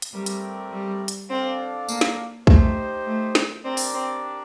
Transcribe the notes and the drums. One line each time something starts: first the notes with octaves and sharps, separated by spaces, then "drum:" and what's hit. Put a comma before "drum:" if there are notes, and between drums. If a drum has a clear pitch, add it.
drum: hi-hat
G3 A3 C4 G4 A#4 D5
drum: hi-hat
G3
drum: hi-hat
C4 D4 A4 D5 F5
A#3, drum: tambourine
drum: snare
A3 D#4 G4 C5, drum: kick
A3
drum: snare
C4 D4 G4 A#4 D5
drum: open hi-hat
C4